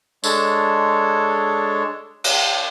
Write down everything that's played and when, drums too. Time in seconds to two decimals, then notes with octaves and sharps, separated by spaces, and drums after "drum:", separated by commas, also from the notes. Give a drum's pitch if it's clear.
0.24 G#3 D4 A4 C#5, drum: tambourine
2.24 drum: cymbal